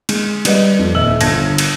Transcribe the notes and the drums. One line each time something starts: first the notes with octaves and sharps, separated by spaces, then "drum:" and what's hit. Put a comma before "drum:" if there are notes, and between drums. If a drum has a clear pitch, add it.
G#3, drum: cymbal
G3 B4 D#5, drum: cymbal
F2
D#1 D#5 E5 E6 F#7
G1 A5 G#6 A#6, drum: cymbal
drum: cymbal